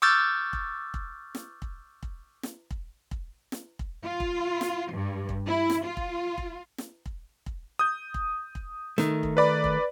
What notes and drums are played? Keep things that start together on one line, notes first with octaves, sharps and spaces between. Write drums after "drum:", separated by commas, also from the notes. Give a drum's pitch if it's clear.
C#6 D6 E6 F6 G6 A6
drum: kick
drum: kick
drum: snare
drum: kick
drum: kick
drum: snare
drum: kick
drum: kick
drum: snare
drum: kick
F4
drum: kick
drum: snare
G2
drum: kick
E4
drum: snare
F4
drum: kick
drum: kick
drum: snare
drum: kick
drum: kick
D#6 G6
drum: kick
drum: kick
D#3 A3, drum: snare
drum: kick
B4 D5 B5
drum: kick